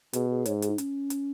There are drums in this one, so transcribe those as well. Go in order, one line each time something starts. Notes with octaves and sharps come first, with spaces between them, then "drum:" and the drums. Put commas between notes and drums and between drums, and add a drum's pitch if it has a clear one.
B2 G#4, drum: hi-hat
G#4
G#2 C#5, drum: hi-hat
G#4, drum: hi-hat
D#4
C#4, drum: hi-hat
drum: hi-hat